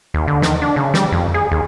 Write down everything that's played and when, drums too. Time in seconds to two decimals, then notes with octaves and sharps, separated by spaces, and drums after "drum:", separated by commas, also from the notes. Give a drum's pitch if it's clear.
0.14 D#2
0.28 D3
0.42 D#3, drum: snare
0.62 D4
0.76 C#3
0.94 G3, drum: snare
1.12 F2
1.34 G#4
1.52 D#2